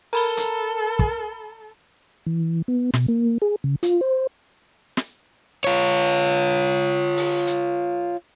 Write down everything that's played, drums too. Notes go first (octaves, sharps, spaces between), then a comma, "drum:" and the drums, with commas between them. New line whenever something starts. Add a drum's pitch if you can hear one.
A4 A#4 A#5 B5 G7
drum: hi-hat
drum: kick
E3
B3
B2, drum: snare
A#3
G#4
C#3
F4, drum: hi-hat
C5
drum: snare
F4 C#5
drum: open hi-hat
drum: hi-hat